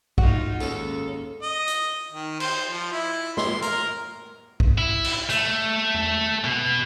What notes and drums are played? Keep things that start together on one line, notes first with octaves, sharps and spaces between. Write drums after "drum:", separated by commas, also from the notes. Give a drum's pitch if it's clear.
A3 D#4 F4 F#4, drum: kick
D#2 G#2 G#3 C#4 A4, drum: tambourine
D#5
drum: hi-hat
D#3
C5, drum: cymbal
F3
E4
C6, drum: snare
A#4, drum: hi-hat
drum: kick
E4
drum: cymbal
A3, drum: hi-hat
drum: tom E2
B2